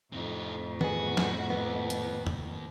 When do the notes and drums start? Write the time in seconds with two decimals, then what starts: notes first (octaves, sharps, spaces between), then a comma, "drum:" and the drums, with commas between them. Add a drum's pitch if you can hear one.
0.12 F2 A2 C3 D#4
0.81 B3 F#4 G#4, drum: tom D#3
1.17 drum: snare
1.50 D#2 B3
1.90 drum: hi-hat
2.27 drum: tom E2